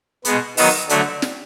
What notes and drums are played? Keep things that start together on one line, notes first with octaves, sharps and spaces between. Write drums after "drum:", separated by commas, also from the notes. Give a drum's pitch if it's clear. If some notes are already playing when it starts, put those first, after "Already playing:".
B2 G#3 B3, drum: hi-hat
D#3 F#3 B3 D#4, drum: open hi-hat
D3 F#3 A3 D4, drum: hi-hat
drum: snare